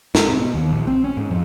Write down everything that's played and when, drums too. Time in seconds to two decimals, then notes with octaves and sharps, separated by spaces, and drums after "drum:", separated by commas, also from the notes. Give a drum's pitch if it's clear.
0.15 G#2, drum: snare
0.26 C3
0.40 B2
0.54 D#2
0.72 A#1
0.87 C4
1.04 C#4
1.17 G#2
1.31 F2